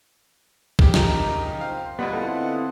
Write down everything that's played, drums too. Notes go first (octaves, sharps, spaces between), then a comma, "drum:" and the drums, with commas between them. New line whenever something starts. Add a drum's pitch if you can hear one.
C#3 G4, drum: kick
D#4 A#4 A#5 G6, drum: snare
C4 F4 C5 F5
D2 G3 B3 F4 B4 D#5 F#5
D3 B3 C4 E4 A4